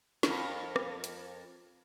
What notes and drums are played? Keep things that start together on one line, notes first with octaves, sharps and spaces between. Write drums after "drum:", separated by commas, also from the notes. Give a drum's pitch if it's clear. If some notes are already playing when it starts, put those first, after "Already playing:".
F2 A#4, drum: snare
drum: rim click
drum: hi-hat